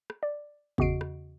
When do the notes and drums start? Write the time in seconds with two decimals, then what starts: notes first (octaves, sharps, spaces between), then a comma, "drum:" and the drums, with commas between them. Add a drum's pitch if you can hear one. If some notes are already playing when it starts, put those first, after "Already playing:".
0.10 drum: rim click
0.23 D5
0.78 E2 C#3 F#4 D#5 C7 D7, drum: kick
1.01 drum: rim click